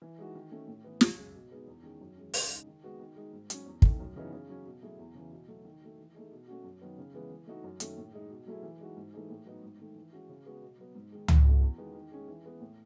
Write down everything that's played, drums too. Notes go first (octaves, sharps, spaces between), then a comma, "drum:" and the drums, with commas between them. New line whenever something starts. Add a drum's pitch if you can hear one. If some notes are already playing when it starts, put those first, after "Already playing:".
E3
G#3 D#4 F#4
D#3
A3 C#4
A2
E3 B3
F#2, drum: snare
C#3 G#3
B2
G#3 B3 D#4 G#4
E2
D#3 G#3 C#4
F#2
E3 G#3 C#4
C#3, drum: open hi-hat
G#3 D#4 G#4
D#3
G#3 B3 F#4
D#3
G#3 D#4
G#2
F#3 C#4, drum: hi-hat
E2
D#3 A3, drum: kick
F#2
C#3 E3 B3 D#4
C#3
F#3 C#4
B2
F#3 A3 E4 G#4
E2
C#3 E3
B2
F#3 A3
D#3
F#3 A3
E3
A3 D#4 G#4
B2
A3 C#4 F#4
F#2
D#3 F#3 B3
C#3
E3 G#3 B3
E3
A3 D#4 F#4
F#2
D#3 A3 C#4, drum: hi-hat
A2
G#3 D#4
B2
F#3 A3 E4 G#4
E3
G#3 D#4 F#4
G#2
E3 A3 D#4 G#4
A2
F#3 B3 D#4
G#2
D#3 A3
E3
G#3 C#4 F#4
C#3
G#3 B3 F#4
B2
F#3 B3
G#2
D#3 G#3
E3, drum: tom C#2
A3 C#4 F#4
E2
D#3 G#3 B3
D#3
G#3 C#4 G#4
E3
G#3 B3
A2